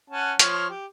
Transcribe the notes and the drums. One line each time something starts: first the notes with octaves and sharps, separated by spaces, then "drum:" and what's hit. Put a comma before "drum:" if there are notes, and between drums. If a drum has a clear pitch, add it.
C#4 F#5 A5
F3 C#5 F6, drum: hi-hat
G4